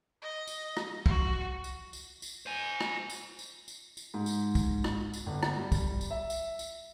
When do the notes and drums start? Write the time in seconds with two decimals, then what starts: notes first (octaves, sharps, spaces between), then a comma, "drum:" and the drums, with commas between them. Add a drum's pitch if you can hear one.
0.22 D#5
0.47 drum: tambourine
0.77 drum: rim click
1.06 F#4, drum: kick
1.64 drum: tambourine
1.93 drum: tambourine
2.22 drum: tambourine
2.46 C5 G#5
2.80 drum: rim click
3.10 drum: tambourine
3.39 drum: tambourine
3.68 drum: tambourine
3.97 drum: tambourine
4.14 G#2
4.26 drum: tambourine
4.55 drum: kick, tambourine
4.84 drum: rim click
5.13 drum: tambourine
5.26 G1
5.43 drum: rim click
5.57 G3
5.72 drum: kick, tambourine
6.01 drum: tambourine
6.11 E5
6.30 drum: tambourine
6.59 drum: tambourine